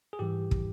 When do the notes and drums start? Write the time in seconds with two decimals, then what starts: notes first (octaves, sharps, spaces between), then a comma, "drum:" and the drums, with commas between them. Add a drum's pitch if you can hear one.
0.13 G#4
0.19 G#2 E3 G3 G4
0.51 drum: kick